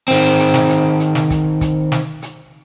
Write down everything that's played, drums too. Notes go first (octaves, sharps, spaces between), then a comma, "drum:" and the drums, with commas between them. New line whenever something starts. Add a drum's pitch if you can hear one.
D#3 C4
drum: hi-hat
drum: snare
drum: hi-hat
drum: hi-hat
drum: snare
drum: kick, hi-hat
drum: kick, hi-hat
drum: snare
drum: hi-hat